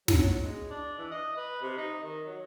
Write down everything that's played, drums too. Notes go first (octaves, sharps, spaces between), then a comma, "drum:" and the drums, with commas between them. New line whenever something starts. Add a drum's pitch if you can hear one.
F#3, drum: snare
F#3
G#3
D4
E3
D#5
B4
C3
D#4
D#3
F#3